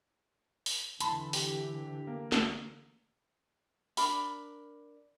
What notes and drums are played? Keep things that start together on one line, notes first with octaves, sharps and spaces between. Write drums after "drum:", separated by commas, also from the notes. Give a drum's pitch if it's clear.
drum: open hi-hat
D3 E3 A5 B5 C6, drum: hi-hat
G4, drum: open hi-hat
A#3
drum: snare
D4 A#4 B5, drum: open hi-hat